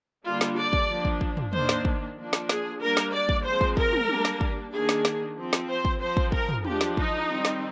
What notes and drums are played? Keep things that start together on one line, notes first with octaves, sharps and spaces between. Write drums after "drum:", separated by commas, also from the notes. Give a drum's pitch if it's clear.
D3 G3 A#3 D4 F4
drum: snare
D5
drum: kick
F3 A#3 D4
drum: kick
drum: kick
drum: tom
D#3 A#3 D4 C5, drum: tom
drum: snare
drum: kick
F3 A#3 D4
drum: snare
G#4, drum: snare
G3 A#3 D4 A#4
drum: snare
D5
drum: kick
F3 G#3 C4 C5
drum: kick
A#4, drum: kick
drum: tom
G3 A#3 D4, drum: tom
drum: snare
drum: kick
D#3 A#3 D4 G#4
drum: snare
drum: snare
F3 C4
drum: snare
C5
drum: kick
F3 C4 C5
drum: kick
A#4, drum: kick
drum: tom
F3 G#3 D4 G4, drum: tom
drum: snare
D#4, drum: kick
D#3 G3 C4
drum: snare